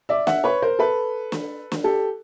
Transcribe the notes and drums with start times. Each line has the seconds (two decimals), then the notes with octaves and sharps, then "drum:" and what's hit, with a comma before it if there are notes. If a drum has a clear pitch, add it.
0.09 D5 E5
0.27 E5 F#5, drum: snare
0.44 B4 C#5
0.62 A#4 C5
0.79 A4 B4
1.32 drum: snare
1.72 drum: snare
1.84 G4 A4